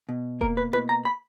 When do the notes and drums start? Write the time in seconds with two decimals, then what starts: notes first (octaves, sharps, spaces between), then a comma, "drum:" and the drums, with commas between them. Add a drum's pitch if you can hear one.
0.09 B2
0.41 A#3 A#4, drum: kick E1
0.57 B4
0.73 B2 B4, drum: tom E4
0.89 A#5
1.05 B5